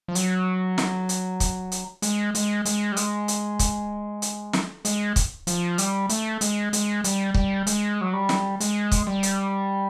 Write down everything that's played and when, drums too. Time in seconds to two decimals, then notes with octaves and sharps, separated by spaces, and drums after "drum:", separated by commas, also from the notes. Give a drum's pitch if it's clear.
0.08 F3
0.15 F#3, drum: hi-hat
0.78 drum: snare
1.09 drum: hi-hat
1.40 drum: kick, hi-hat
1.72 drum: hi-hat
2.02 G#3, drum: hi-hat
2.35 G#3, drum: hi-hat
2.65 G#3, drum: hi-hat
2.92 G3
2.97 G#3, drum: hi-hat
3.28 drum: hi-hat
3.59 drum: kick, hi-hat
4.22 drum: hi-hat
4.53 drum: snare
4.85 G#3, drum: hi-hat
5.16 drum: kick, hi-hat
5.47 F3, drum: hi-hat
5.78 G3, drum: hi-hat
6.09 A3, drum: hi-hat
6.41 G#3, drum: hi-hat
6.73 G#3, drum: hi-hat
7.04 G3, drum: hi-hat
7.34 G3, drum: kick
7.67 G#3, drum: hi-hat
8.01 F#3
8.13 G3
8.29 drum: snare
8.60 G#3, drum: hi-hat
8.92 drum: kick, hi-hat
9.07 G3
9.23 drum: hi-hat